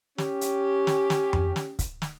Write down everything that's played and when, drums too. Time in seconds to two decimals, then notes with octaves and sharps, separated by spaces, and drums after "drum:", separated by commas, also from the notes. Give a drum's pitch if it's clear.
0.18 C#4 G4, drum: snare
0.41 drum: hi-hat
0.87 drum: snare
1.10 drum: snare
1.33 drum: tom F2
1.56 drum: snare
1.79 drum: kick, hi-hat
2.02 drum: snare